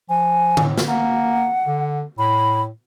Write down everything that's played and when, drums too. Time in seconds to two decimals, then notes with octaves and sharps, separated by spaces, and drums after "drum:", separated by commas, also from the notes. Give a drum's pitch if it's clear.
0.10 F3 G#5
0.57 A2, drum: tom D3
0.78 drum: snare
0.88 A#3 F#5
1.66 D3
2.19 A2 B5